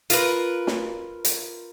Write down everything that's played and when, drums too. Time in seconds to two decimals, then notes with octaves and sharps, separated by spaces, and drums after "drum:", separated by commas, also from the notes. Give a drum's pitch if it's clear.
0.10 F4 A#4 B4, drum: hi-hat
0.67 drum: snare
1.25 drum: hi-hat